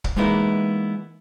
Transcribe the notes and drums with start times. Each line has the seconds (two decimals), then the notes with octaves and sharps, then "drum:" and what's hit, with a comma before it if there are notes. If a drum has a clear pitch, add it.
0.04 drum: kick
0.16 E3 G#3 A#3 B3 D#4 E4